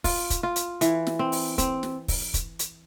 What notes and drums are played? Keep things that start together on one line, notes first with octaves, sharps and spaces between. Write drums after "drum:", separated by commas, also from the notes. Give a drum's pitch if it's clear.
F4, drum: kick, open hi-hat
drum: kick, hi-hat
F4
drum: hi-hat
E3, drum: hi-hat
drum: snare
C4
drum: open hi-hat
C4, drum: kick, hi-hat
drum: snare
drum: kick, open hi-hat
drum: kick, hi-hat
drum: hi-hat